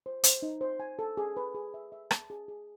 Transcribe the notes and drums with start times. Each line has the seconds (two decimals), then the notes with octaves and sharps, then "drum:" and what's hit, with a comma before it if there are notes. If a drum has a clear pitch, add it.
0.06 C5
0.24 C5, drum: hi-hat
0.42 D#4
0.61 C5
0.80 G#5
0.99 A4
1.17 G#4
1.37 B4
1.55 G#4
1.74 E5
1.92 E5
2.11 A5, drum: rim click
2.30 G#4
2.48 G#4